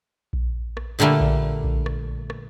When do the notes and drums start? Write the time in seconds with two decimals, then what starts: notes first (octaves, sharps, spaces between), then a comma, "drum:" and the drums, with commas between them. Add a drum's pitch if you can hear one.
0.33 drum: kick A#1
0.77 drum: rim click
0.99 A#2 D3 G3 A3 A#3
1.21 drum: kick A#1
1.64 drum: kick A#1
1.86 drum: rim click
2.30 drum: rim click